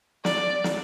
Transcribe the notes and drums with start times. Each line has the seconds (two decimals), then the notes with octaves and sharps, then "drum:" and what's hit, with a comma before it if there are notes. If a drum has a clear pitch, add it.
0.25 D5, drum: snare
0.64 drum: snare